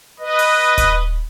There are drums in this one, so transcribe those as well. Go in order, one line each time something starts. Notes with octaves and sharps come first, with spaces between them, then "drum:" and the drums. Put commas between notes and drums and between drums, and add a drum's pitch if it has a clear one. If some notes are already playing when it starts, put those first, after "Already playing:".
B4 D#5
drum: open hi-hat
drum: kick D#1, hi-hat